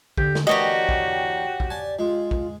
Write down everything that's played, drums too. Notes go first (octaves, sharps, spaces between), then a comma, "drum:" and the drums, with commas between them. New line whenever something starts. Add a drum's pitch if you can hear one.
D3 G4, drum: kick
drum: snare
D3 E3 A#3 F#4 G4 C#5 D#5 G5
drum: kick
drum: kick
D5 G#5 A5
G#3 F4
drum: kick